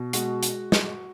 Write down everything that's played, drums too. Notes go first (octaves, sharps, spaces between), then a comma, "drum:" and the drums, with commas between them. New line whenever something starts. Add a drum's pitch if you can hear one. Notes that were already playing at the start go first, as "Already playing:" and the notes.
Already playing: B2
G#3 F#4, drum: hi-hat
drum: hi-hat
drum: snare